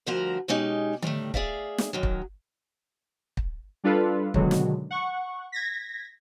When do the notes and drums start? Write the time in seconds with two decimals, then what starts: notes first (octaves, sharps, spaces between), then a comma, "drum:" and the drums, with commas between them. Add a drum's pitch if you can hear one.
0.06 D2 G2 F3 F#4 A#4 A#5
0.48 B2 G#3 C#4 D#4 G4
1.02 A2 D#3 G3 A3, drum: tom D3
1.34 G#4 D5 E5 F5, drum: kick
1.78 drum: snare
1.93 F#2 D#3 F#3
2.03 drum: kick
3.37 drum: kick
3.84 G3 D4 F4 A4 B4
4.34 B2 D3 D#3 F#3 G#3, drum: kick
4.51 drum: snare
4.91 F#5 C#6
5.52 G#6 A#6 B6